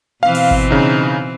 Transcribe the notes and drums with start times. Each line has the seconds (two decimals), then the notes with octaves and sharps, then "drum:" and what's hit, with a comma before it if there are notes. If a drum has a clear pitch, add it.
0.23 B2 E3 C4 F5
0.35 drum: open hi-hat
0.51 drum: kick G#1
0.71 C#3 D#4